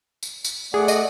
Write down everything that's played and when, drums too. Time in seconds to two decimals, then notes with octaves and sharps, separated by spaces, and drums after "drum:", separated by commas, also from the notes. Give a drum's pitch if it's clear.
0.23 drum: tambourine
0.44 drum: tambourine
0.74 A3 G#4 D5 F#5
0.88 D#5, drum: tambourine